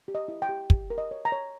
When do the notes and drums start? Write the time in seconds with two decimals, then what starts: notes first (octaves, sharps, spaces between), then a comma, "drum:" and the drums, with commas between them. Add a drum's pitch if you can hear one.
0.08 G4
0.15 D#5
0.28 E4
0.42 G5
0.49 G4
0.70 G4, drum: kick
0.90 A#4
0.98 D#5
1.11 C#5
1.25 A#5
1.32 C#5